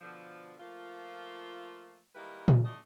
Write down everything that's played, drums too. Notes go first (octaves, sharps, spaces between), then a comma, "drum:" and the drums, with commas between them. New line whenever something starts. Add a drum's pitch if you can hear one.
B2 D3 F3
F3 A3 A#3 F4
D#3 G3 G#3 A#3 E4 B4
drum: tom A#2
E2 A3 D4 D#5